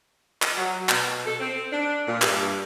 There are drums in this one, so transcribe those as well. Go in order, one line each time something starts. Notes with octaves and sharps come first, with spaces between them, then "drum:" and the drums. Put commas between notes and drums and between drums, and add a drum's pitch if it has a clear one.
drum: clap
F#3
B2, drum: clap
A4
C4
D4
A#2
G2, drum: clap